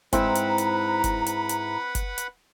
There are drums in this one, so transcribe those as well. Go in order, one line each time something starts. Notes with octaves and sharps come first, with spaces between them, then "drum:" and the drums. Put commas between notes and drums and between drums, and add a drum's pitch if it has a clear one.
G#2 C4 E4 B4 F#5 A#5 B5, drum: kick F#1, hi-hat
drum: hi-hat
drum: hi-hat
drum: kick F#1, hi-hat
drum: hi-hat
drum: hi-hat
drum: kick F#1, hi-hat
drum: hi-hat